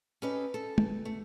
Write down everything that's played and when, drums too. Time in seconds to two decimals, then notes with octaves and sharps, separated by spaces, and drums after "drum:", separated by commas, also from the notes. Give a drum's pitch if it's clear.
0.22 C#4 D#4 G4 A4 B4 D#5
0.54 A4
0.78 drum: tom
1.05 A3